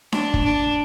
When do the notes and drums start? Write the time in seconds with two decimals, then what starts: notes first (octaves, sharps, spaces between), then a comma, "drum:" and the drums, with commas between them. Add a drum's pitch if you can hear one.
0.12 D4, drum: snare D4
0.34 drum: kick
0.44 D4